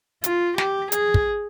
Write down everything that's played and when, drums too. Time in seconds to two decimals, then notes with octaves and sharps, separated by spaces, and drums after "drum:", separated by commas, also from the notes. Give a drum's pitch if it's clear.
0.24 F4, drum: hi-hat
0.58 G4, drum: snare
0.92 G#4, drum: hi-hat
1.14 drum: kick